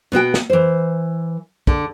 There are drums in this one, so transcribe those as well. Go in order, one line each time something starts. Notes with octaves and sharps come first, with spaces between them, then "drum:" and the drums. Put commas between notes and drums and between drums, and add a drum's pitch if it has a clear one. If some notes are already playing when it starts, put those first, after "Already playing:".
B2 B3 F#4 G5
drum: snare
E3 C5
D3, drum: kick